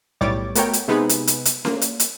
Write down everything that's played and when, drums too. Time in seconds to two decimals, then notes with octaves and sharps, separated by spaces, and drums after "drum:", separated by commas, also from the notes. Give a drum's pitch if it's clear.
0.21 B1 A2 G3 C#5 D6 A6
0.55 A3 B3 F#4 A#4 C#5 G5, drum: hi-hat
0.73 drum: hi-hat
0.88 C3 G#3 B3 D#4 G#4 B4
1.09 drum: hi-hat
1.27 drum: hi-hat
1.45 drum: hi-hat
1.65 A#3, drum: snare C#4
1.81 drum: hi-hat
2.00 drum: hi-hat